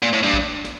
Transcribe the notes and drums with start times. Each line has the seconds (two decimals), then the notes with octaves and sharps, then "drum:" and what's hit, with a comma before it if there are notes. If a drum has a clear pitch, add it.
0.02 A#2
0.13 A2
0.23 G2
0.34 drum: kick
0.64 drum: snare